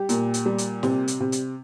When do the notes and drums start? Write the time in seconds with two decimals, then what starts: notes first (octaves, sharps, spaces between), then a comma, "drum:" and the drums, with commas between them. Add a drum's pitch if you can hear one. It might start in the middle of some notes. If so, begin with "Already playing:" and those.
Already playing: G3 G4
0.09 A#2, drum: hi-hat
0.34 drum: hi-hat
0.46 G3
0.58 drum: hi-hat
0.83 C3, drum: snare
1.08 drum: hi-hat
1.20 C3
1.32 drum: hi-hat